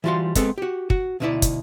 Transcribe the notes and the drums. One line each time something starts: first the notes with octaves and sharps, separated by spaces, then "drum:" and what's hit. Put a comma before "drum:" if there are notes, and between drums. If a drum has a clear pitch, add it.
E3 G3 F4 F#4 F5 C6
G#3 B3 C4 G#4 A4, drum: kick, hi-hat
F#4 G4
F#4, drum: kick
D2 B2 A#3 D#4 E4 D5
drum: kick, hi-hat